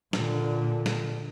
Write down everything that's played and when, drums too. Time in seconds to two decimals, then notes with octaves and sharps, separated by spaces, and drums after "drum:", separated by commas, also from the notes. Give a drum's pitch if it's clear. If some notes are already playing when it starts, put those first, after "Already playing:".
0.13 A#2 D3, drum: snare
0.86 drum: snare